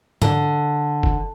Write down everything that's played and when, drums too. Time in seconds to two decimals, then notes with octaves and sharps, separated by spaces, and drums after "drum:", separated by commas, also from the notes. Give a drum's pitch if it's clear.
0.22 D3, drum: tom
1.03 drum: kick F#1